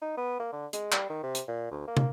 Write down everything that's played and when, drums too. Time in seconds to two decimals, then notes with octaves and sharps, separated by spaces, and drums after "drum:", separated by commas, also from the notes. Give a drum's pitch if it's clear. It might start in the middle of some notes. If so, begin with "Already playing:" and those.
0.02 D#4
0.17 B3
0.39 A#3
0.53 D3
0.73 G#3, drum: hi-hat
0.92 G3, drum: clap
1.10 D#3
1.23 C3
1.35 drum: hi-hat
1.48 A#2
1.71 D2
1.88 A#3
1.97 drum: tom